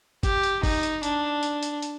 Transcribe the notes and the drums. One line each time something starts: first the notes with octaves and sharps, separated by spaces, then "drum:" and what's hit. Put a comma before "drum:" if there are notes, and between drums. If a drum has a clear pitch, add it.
G4, drum: kick, hi-hat
drum: hi-hat
D#4, drum: kick, open hi-hat
drum: hi-hat
D4, drum: hi-hat
drum: hi-hat
drum: hi-hat
drum: hi-hat